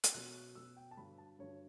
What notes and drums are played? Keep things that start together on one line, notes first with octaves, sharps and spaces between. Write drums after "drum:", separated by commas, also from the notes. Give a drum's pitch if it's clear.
drum: hi-hat
B2 F#3 F#6
B2 F#3 E6
G5
A5
G2 D3 F#3 B5
A5
G2 D3 F#3 C#5